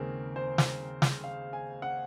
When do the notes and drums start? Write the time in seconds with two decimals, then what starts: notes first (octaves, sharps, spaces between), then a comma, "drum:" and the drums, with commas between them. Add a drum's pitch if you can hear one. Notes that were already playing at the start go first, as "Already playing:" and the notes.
Already playing: D#2 C#3 G#3 C4 A#4
0.36 C5
0.58 drum: snare
1.02 drum: snare
1.24 F5
1.53 G#5
1.82 F#5